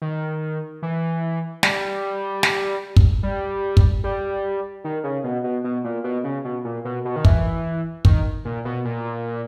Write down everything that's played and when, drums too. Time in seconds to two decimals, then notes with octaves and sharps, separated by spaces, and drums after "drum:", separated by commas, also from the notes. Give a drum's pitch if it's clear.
0.02 D#3
0.82 E3
1.63 G3, drum: snare
2.43 drum: snare
2.96 drum: kick
3.23 G3
3.77 drum: kick
4.04 G3
4.84 D#3
5.04 C#3
5.24 B2
5.44 B2
5.64 B2
5.84 A#2
6.04 B2
6.24 C#3
6.45 B2
6.65 A#2
6.85 B2
7.05 B2
7.16 D#3
7.25 E3, drum: kick
8.05 D#3, drum: kick
8.45 A#2
8.65 B2
8.85 A#2